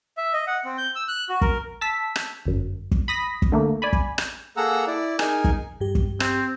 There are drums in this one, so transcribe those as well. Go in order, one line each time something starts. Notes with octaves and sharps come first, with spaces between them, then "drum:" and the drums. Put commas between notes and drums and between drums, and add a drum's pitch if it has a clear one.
E5
D#5
F#5
C4
G6
E6
F#6
F#4
A#4, drum: kick
A5 E6 B6
drum: rim click
G1 F#2
drum: kick
B5 D#6 A#6 B6
drum: kick
D3 A3 A#3
D5 G#5 B5
drum: kick
drum: rim click
A#3 G#4 A4 F#5 A#5 E6
E4 D5
D#4 G#4 A#4 G#5, drum: rim click
drum: kick
G2 G4
drum: kick
C4, drum: rim click